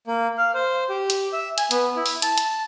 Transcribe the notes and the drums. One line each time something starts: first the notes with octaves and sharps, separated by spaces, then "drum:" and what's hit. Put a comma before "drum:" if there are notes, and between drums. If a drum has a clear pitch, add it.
A#3
F5
C5
G4
drum: hi-hat
E5
G#5, drum: hi-hat
B3, drum: hi-hat
E4
drum: open hi-hat
A5, drum: hi-hat
drum: hi-hat